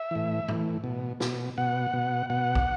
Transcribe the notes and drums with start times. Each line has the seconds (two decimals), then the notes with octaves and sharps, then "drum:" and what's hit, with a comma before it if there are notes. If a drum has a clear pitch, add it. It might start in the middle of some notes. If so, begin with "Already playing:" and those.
Already playing: E5
0.11 A2 E3
0.48 A2 E3, drum: tom A2
0.84 B2
1.20 B2, drum: snare
1.58 B2 F#5
1.93 B2
2.30 B2 F#5
2.55 drum: kick